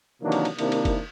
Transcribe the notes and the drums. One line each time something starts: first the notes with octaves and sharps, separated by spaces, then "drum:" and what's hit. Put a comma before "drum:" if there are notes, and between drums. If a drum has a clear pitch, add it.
C3 D#3 E3 F#3 A#3 D4
drum: cymbal
drum: cymbal
C3 D#3 A#3 C4 D4 E4, drum: cymbal
drum: cymbal
drum: kick F1, cymbal